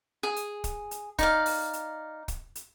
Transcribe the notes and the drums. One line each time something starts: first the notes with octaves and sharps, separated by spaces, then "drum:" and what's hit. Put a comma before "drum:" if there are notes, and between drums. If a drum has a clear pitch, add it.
G#4
drum: hi-hat
drum: kick, hi-hat
drum: hi-hat
D#4 D5 F5, drum: kick, hi-hat
drum: open hi-hat
drum: hi-hat
drum: kick, hi-hat
drum: hi-hat